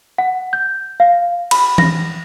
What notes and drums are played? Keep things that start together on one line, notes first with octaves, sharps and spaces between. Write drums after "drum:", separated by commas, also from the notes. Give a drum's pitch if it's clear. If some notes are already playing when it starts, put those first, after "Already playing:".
F#5
G6
F5
B5, drum: cymbal
A#6, drum: tom E3